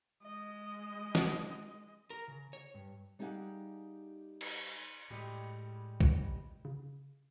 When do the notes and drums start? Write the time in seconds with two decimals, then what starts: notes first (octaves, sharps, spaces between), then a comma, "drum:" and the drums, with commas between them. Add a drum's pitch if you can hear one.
0.23 G#3 D#5
1.15 drum: snare
2.10 A#4
2.28 C#3
2.53 C#5
2.75 G2
3.19 G3 D#4 G4 G#4 F5 F#5
4.41 drum: cymbal
5.10 A2 G3 G#3 G4
6.00 drum: kick A#1
6.65 C#3